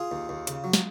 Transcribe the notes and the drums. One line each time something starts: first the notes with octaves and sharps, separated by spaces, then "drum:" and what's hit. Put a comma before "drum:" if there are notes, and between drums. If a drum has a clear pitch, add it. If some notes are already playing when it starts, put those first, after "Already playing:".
Already playing: F4 G#4
D#2
D#2
C#3, drum: hi-hat
F#3
drum: snare